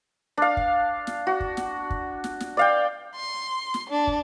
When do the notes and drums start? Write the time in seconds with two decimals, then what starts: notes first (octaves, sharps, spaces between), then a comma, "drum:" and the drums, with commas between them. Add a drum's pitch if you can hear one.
0.37 D4 F5
0.57 drum: kick
1.07 drum: snare
1.27 F#4
1.40 drum: kick
1.57 drum: snare
1.90 drum: kick
2.24 drum: snare
2.40 drum: snare
2.57 D5 F5 G5
3.15 C6
3.74 drum: snare
3.90 D4
4.07 drum: kick